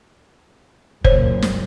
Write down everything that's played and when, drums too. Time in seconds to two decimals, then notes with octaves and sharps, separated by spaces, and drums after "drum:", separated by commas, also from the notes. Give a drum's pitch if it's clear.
1.05 F#1 A#2 C5 C#5, drum: kick F1
1.42 drum: snare